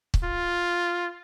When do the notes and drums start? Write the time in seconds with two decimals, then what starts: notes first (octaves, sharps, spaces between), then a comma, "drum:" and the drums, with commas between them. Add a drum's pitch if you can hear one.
0.14 drum: kick
0.24 F4